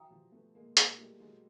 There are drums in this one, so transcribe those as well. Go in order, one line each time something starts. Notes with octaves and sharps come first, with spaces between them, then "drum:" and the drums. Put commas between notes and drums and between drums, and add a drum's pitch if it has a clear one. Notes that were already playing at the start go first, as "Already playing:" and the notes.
Already playing: E3 F#3 E5 G5 A#5 D#6
F3 G3
A3 B3
G#3 A#3
G#3 A#3, drum: hi-hat
G3 A3
F#3 G#3